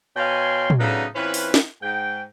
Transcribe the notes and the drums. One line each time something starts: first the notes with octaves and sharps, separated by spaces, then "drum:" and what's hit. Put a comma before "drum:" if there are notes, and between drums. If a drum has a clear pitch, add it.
B2 C#5 F5 G5 G#5 C6
drum: tom
C#3 F#3 A3 B3 D4 D#4
E3 C4 C#4 F4 B4
drum: open hi-hat
drum: snare
G#2 G5